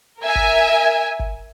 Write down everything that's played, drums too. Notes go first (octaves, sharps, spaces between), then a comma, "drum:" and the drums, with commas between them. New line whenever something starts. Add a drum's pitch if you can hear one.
A#4 E5 G#5
drum: kick G1
drum: kick G1